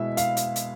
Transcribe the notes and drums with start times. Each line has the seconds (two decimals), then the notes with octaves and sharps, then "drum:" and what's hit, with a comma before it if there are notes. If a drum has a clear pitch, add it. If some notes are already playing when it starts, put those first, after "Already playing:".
Already playing: B2 G#3 E4 E5
0.17 F5, drum: hi-hat
0.37 drum: hi-hat
0.56 drum: hi-hat